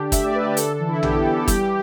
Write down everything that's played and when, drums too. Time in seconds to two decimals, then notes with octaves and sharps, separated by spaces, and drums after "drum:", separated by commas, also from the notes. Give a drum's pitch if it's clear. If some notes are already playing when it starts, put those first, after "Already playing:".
Already playing: D3 D4 G4
0.12 A3 E5, drum: kick, hi-hat
0.23 D5
0.35 D3 B4
0.46 G4
0.57 D4 A4, drum: hi-hat
0.73 A4
0.80 E3
0.88 E4
1.03 B3 G4, drum: tom
1.14 A4
1.25 E3 A4
1.36 A4
1.48 G3 G4, drum: kick, hi-hat